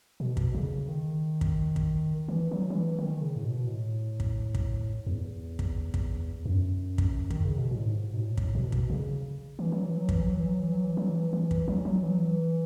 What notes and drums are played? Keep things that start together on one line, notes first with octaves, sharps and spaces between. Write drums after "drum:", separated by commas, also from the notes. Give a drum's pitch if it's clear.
B2
drum: kick
C#3
D#3
drum: kick
drum: kick
E3
F#3
F#3
E3
D#3
C#3
A2
B2
A2
drum: kick
drum: kick
E2
drum: kick
drum: kick
F#2
drum: kick
D#3, drum: kick
C#3
B2
A2
G#2
B2
A2
drum: kick
B2
drum: kick
C#3
E3
F#3
E3
F#3
E3, drum: kick
F#3
E3
F#3
E3
F#3
E3
F#3
E3
E3
drum: kick
F#3
F#3
E3
F#3
E3